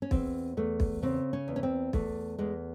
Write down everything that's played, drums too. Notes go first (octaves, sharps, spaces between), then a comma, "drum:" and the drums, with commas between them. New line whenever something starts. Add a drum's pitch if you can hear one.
C#4
E2 C4, drum: kick
E2 A3
drum: kick
C#3 C4
C#4
E2
C#4
C4
E2 A3, drum: kick
E2 G#3